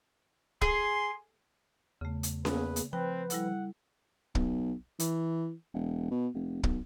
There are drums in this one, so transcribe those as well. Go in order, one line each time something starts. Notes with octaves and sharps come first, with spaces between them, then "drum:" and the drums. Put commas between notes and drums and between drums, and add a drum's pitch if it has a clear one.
G#4 C6, drum: kick
E2 C#3 A3
drum: hi-hat
A#3 B3 G#4 B4, drum: snare C#4
drum: hi-hat
F3 C4 B4 G5
G3 E4 A4 F#5, drum: hi-hat
B1, drum: kick
E3, drum: hi-hat
E1
B2
F1
B1, drum: kick